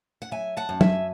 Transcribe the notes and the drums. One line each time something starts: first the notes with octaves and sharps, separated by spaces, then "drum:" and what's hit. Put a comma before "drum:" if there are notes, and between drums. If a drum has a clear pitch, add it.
F#5
F#3 E5 G#5
F#5 A5
F#2
E5 G#5, drum: tom